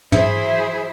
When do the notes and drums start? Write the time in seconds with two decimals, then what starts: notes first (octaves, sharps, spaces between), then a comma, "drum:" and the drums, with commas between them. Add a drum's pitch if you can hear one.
0.12 E3 F#3 E4 G#4 C5 E5, drum: tom